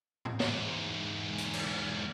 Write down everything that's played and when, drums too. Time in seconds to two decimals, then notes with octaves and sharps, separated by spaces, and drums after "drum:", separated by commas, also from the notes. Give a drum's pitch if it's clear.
0.25 drum: tom G#2
0.40 E2 G#2, drum: snare
1.38 drum: hi-hat
1.53 drum: cymbal